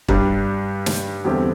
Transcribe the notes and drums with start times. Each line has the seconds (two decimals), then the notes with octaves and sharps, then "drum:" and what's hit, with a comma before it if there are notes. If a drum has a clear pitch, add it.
0.08 G2 G3 D4, drum: kick
0.86 drum: snare
1.25 E2 D3 G3 C4 G4